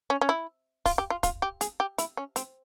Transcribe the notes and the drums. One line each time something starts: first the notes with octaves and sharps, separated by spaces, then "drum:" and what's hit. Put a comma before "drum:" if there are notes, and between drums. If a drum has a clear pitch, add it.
C#4
C#4
E4
F4, drum: kick, open hi-hat
G4
F4
F4, drum: kick, hi-hat
G4
G#4, drum: hi-hat
G4
E4, drum: hi-hat
C#4
C4, drum: hi-hat